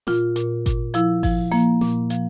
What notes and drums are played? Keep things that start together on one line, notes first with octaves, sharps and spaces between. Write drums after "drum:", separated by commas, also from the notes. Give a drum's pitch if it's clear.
A#2 F4, drum: snare
A#2, drum: hi-hat
A#2, drum: kick G#1, hi-hat
F3 E4, drum: hi-hat
F3, drum: kick G#1, open hi-hat
F3 A#3, drum: snare
A#2, drum: snare
F3, drum: hi-hat